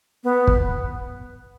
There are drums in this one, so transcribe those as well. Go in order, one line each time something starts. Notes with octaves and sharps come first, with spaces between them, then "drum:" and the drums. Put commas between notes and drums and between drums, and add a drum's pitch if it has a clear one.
B3
drum: kick